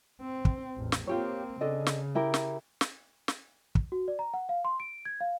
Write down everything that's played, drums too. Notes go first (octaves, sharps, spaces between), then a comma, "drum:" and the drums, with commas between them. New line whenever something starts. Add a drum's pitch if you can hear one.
C4
drum: kick
A1 E2
drum: snare
A#3 C4 F4 G4 C#5
C#3 D4 A4 D#5
drum: snare
E4 G4 A#4
drum: snare
drum: snare
drum: snare
drum: kick
F#4
D5
A#5
F#5
F5
C6
D7
G#6
F5